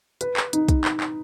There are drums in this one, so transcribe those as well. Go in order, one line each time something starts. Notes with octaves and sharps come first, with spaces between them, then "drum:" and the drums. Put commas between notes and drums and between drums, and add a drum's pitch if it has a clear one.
B4, drum: hi-hat
drum: clap
D#4, drum: hi-hat
drum: kick, hi-hat
drum: clap
drum: clap